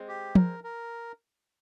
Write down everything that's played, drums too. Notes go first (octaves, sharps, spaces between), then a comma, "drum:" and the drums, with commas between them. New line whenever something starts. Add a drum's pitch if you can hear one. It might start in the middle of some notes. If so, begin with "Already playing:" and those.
Already playing: G#3 C4
G4
A#4, drum: tom
A#4